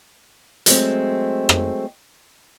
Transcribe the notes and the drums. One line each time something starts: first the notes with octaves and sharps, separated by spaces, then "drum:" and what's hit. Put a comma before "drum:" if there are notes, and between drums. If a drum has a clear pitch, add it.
F#3 G#3 A3 C4, drum: hi-hat
drum: rim click